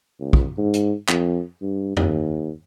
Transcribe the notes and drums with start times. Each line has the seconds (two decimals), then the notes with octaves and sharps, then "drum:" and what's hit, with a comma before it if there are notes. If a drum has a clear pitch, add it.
0.20 C#2
0.33 drum: kick
0.58 G#2
0.74 drum: hi-hat
1.08 F2, drum: clap
1.62 G2
1.97 D#2, drum: tom E2